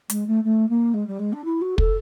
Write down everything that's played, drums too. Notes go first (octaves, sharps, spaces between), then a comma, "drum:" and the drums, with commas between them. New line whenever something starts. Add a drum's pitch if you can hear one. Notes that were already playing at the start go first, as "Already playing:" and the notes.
G#3, drum: hi-hat
A3
A3
A#3
G#3
G3
G#3
D4
E4
F#4
A4, drum: kick